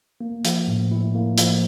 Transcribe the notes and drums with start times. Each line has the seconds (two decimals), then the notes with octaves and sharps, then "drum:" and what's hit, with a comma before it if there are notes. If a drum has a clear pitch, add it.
0.21 A#3
0.45 F3, drum: hi-hat
0.68 A2
0.91 E4
1.15 A#3
1.38 F3, drum: hi-hat